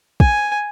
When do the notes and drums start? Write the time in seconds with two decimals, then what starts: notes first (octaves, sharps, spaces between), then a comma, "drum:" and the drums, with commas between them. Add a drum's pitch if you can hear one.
0.20 G#5, drum: kick